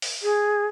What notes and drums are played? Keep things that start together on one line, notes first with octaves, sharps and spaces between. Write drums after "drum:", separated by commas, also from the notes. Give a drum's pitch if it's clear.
drum: open hi-hat
G#4